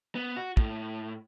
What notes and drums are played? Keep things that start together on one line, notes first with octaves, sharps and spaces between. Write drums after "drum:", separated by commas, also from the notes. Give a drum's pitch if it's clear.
B3
F#4
A2, drum: kick